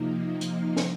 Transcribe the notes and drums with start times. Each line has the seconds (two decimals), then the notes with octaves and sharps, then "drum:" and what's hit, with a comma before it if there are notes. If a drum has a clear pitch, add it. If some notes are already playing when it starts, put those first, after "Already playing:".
Already playing: C3 F3 A#3 D#4
0.41 F6, drum: hi-hat
0.77 drum: snare